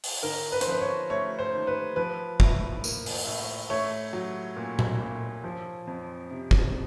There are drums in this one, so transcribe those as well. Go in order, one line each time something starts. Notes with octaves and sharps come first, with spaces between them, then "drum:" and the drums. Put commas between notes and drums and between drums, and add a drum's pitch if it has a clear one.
drum: open hi-hat
D3 A#4
B4
C5, drum: hi-hat
F3 B4
C#5
A3 C#5
C5
D#2
B4
F3 B4
A2, drum: kick
A#3, drum: tambourine
drum: open hi-hat
A2
A3 C#5
F#3
A#2
drum: tom A#2
A#2
F3
F2
C3
drum: kick